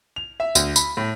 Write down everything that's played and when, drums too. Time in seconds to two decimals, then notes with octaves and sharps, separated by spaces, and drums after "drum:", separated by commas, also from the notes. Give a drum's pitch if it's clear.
0.16 F7
0.40 E5
0.55 D2, drum: tambourine
0.76 B5, drum: tambourine
0.97 A2